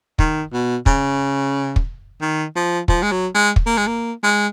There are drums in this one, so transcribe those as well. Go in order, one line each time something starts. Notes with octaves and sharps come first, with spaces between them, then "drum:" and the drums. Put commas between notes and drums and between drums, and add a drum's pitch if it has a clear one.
D#3, drum: kick
B2
C#3, drum: kick
drum: kick
D#3
F3
F3, drum: kick
G#3
F#3
G#3
drum: kick
A#3
G#3
A#3
G#3